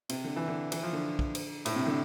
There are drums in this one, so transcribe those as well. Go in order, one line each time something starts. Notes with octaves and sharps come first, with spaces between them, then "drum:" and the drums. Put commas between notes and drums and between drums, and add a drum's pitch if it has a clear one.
C3, drum: cymbal
D3
E3
D3
E3, drum: cymbal
F3
D3
drum: kick
drum: cymbal
A2, drum: cymbal
C3
D3